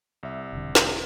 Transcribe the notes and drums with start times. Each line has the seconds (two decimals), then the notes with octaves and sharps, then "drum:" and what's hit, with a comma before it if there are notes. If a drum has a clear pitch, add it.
0.23 C2 E5
0.53 E1 D3
0.75 drum: snare